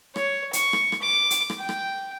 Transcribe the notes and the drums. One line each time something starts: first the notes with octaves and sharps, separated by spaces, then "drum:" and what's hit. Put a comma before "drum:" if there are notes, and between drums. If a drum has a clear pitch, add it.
C#5, drum: rim click
C#6, drum: hi-hat
drum: rim click
drum: rim click
D6
drum: hi-hat
drum: rim click
G5
drum: rim click